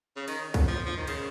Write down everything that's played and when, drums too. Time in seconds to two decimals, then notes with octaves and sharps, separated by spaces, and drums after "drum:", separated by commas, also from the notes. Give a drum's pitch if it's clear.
0.16 C#3
0.28 D#3, drum: cymbal
0.54 drum: kick C2, cymbal
0.68 F3
0.86 F3
0.97 D#3
1.07 C#3, drum: cymbal